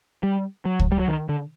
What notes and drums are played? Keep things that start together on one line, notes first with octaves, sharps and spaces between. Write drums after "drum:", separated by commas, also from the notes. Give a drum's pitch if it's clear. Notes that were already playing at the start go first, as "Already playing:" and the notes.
G3
F#3
drum: kick C#2
G3
F#3
D#3
D3